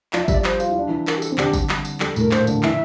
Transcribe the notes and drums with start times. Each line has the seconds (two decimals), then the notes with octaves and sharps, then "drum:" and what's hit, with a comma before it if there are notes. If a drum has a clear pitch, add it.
0.13 F3 D5, drum: clap
0.23 E5
0.28 G3, drum: kick, tambourine
0.34 D5
0.44 C5, drum: clap
0.60 F4, drum: tambourine
0.69 E4
0.79 D4
0.88 E3 E4
1.07 A#4, drum: clap
1.17 G4
1.22 A4, drum: tambourine
1.32 C4
1.38 D3 D4 G4, drum: clap
1.53 G3, drum: kick, tambourine
1.69 G3, drum: clap
1.85 drum: tambourine
2.00 G3 A4, drum: clap
2.16 A2 A3, drum: tambourine
2.19 A#4
2.31 A#2 A#3 C5, drum: clap
2.47 D3 D4, drum: tambourine
2.63 E3 E4 E5, drum: clap